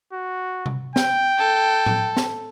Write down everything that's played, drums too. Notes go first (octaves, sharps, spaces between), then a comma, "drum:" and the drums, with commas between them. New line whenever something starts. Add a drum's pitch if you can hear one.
F#4
drum: tom C3
G5, drum: snare
A4
drum: tom A2
drum: snare